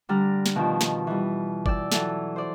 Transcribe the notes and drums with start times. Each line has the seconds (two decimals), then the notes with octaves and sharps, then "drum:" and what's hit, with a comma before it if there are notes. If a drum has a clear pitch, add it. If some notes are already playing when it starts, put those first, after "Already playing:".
0.09 D3 G3 A#5 F6
0.46 drum: snare
0.56 B2 D#3 F3 G3
0.81 drum: snare
1.07 E3 G3
1.66 D5 G5 E6, drum: kick
1.92 E3 F#3 A4, drum: snare
2.36 C5 D5